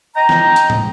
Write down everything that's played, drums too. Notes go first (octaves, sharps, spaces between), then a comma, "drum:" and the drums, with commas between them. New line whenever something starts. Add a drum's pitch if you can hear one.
D#5 G5 A#5
drum: snare
drum: hi-hat
drum: tom